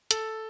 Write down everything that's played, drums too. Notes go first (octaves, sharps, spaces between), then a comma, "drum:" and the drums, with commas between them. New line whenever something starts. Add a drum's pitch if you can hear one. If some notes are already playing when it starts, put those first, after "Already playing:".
A4, drum: hi-hat